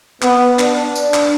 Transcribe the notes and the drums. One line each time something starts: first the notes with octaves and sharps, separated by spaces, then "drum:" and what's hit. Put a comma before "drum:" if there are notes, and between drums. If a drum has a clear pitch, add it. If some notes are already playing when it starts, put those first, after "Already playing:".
B3, drum: clap
D4, drum: clap
drum: tambourine
drum: clap